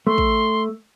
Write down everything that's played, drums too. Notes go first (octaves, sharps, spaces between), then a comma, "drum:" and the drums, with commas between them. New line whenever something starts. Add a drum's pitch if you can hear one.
A3 C6
drum: kick